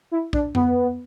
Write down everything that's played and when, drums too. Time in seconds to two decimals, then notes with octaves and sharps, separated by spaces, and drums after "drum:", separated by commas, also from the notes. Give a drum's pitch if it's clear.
0.11 E4
0.33 D4, drum: kick
0.55 B3, drum: tom F2